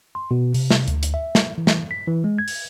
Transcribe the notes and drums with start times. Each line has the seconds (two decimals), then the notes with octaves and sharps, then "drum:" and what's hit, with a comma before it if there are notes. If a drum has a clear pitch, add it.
0.15 C6
0.31 B2
0.54 C3, drum: open hi-hat
0.71 drum: snare
0.88 D2, drum: hi-hat
1.03 drum: hi-hat
1.14 E5
1.35 drum: snare
1.58 E3
1.67 drum: snare
1.91 B6
2.07 E3
2.24 G#3
2.39 G#6
2.48 drum: open hi-hat